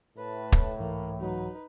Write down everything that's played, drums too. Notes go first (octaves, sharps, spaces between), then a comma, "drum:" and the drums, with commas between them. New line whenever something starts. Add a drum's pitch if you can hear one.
A2 B4 A5
drum: kick
C2 G#2 E3 A#3 A4
F#3 D#4 B4